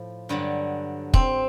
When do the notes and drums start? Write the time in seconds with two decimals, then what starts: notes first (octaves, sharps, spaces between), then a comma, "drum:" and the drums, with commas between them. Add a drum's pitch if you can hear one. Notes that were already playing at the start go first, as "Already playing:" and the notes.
Already playing: A2 F3
0.29 G2 D3 F#3
1.14 C4, drum: kick